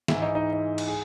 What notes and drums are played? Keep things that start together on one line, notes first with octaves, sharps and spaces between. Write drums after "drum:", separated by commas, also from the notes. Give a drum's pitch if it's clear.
G#2 E3 G#3 E4, drum: snare
D#4
D#4
D#4
drum: cymbal
G#4